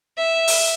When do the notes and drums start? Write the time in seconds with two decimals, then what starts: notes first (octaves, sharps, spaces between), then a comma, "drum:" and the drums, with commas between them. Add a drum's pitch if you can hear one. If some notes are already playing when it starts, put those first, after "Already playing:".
0.18 E5
0.48 drum: open hi-hat